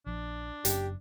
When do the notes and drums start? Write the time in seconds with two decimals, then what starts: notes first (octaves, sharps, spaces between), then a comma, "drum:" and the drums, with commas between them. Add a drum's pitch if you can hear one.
0.06 A#1 F3 D4
0.65 F#1 F#2 C#4 G4, drum: hi-hat